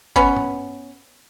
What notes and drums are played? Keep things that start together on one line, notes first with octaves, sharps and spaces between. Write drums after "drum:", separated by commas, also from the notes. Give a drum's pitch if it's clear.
B3 C#4, drum: kick G1
drum: tom